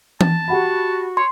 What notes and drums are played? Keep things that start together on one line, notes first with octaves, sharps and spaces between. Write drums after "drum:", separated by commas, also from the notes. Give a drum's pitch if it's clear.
A5, drum: tom E3
F#4 G4 F#5 B5
C#5 C6